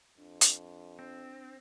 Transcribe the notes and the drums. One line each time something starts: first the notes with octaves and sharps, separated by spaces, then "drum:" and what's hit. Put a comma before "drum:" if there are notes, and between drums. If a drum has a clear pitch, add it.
F2 D4
drum: hi-hat
C4 D4